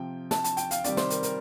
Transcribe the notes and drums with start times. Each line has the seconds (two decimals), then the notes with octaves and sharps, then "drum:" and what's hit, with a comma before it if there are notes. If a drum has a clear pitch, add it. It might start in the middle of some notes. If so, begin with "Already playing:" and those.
Already playing: C3 F3 G5
0.31 A5, drum: snare
0.44 A5, drum: hi-hat
0.57 G5, drum: hi-hat
0.71 F5, drum: hi-hat
0.84 C3 D#3 G3 D5, drum: hi-hat
0.97 C5, drum: snare
1.10 A#4, drum: hi-hat
1.23 A#4, drum: hi-hat